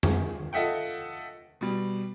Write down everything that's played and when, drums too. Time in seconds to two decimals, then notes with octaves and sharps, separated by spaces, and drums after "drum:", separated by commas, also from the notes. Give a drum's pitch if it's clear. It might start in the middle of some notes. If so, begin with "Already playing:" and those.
0.03 G#4, drum: tom F2
0.53 F4 A4 D#5 E5 F#5 G5
1.61 B2 G3